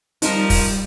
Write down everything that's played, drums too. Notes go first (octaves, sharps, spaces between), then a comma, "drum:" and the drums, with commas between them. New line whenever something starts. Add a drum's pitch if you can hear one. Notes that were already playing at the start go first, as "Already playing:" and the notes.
F3 G3 D#4 A#4, drum: hi-hat
drum: kick, open hi-hat